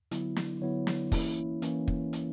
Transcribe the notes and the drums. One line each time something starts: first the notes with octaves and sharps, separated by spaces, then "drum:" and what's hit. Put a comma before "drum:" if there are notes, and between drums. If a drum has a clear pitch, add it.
D3 F#3 B3 E4, drum: hi-hat
drum: snare
D3 F#3 B3 E4 C#5
drum: snare
E3 A#3 C#4 E4, drum: kick, open hi-hat
E3 A#3 C#4, drum: hi-hat
drum: kick
drum: hi-hat